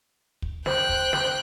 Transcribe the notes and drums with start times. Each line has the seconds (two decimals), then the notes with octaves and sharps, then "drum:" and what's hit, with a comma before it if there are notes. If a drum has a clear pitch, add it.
0.42 drum: kick
0.66 C5 G5 F#6, drum: snare
0.89 drum: kick
1.13 drum: snare